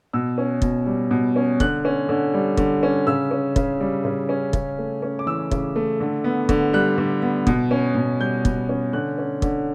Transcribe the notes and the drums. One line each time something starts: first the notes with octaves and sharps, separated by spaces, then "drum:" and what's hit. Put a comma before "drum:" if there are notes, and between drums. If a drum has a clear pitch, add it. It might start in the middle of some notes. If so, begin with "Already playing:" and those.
B2 E6
C#4
B2, drum: kick
G3
B2
C#4
D3 F#6, drum: kick
C#4
D3
G3
D3, drum: kick
C#4
C#3 E6
C#4
C#3, drum: kick
G3
C#3
C#4
C#3, drum: kick
A3
C#4
D6
E3 E6
C#3, drum: kick
A3
D3
B3
D3, drum: kick
G3 F#6
D3
B3
B2, drum: kick
C#4
B2
G3 G6
B2, drum: kick
C#4
D3 F#6
C#4
D3, drum: kick